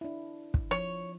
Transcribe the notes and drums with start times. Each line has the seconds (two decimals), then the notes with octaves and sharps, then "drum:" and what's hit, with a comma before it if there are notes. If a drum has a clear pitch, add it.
0.01 D4 E4
0.54 drum: kick
0.71 F3 C#5